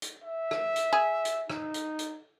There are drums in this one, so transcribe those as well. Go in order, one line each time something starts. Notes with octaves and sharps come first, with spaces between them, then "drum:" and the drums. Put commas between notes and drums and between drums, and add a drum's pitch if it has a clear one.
drum: hi-hat
E5
drum: rim click
drum: hi-hat
G#4
drum: hi-hat
D#4, drum: rim click
drum: hi-hat
drum: hi-hat